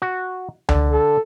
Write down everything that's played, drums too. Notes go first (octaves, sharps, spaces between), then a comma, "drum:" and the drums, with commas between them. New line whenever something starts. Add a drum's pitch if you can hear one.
F#4
D3, drum: tom C#2
A4